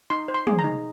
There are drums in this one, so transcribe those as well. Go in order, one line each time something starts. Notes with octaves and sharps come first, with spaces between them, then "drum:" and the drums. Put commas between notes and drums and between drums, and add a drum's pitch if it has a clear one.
D#4 C6
C5
C6
G#4, drum: tom
A#5
D#4